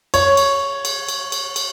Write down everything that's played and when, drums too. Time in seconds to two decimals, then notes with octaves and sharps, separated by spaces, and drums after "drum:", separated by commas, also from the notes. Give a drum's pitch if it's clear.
0.14 C#5, drum: cymbal
0.37 drum: cymbal
0.85 drum: cymbal
1.08 drum: cymbal
1.32 drum: cymbal
1.56 drum: cymbal